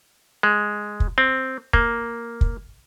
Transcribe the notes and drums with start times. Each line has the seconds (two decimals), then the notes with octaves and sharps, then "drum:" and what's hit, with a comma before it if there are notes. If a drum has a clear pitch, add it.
0.43 G#3
1.00 drum: kick
1.18 C4
1.73 A#3, drum: kick
2.41 drum: kick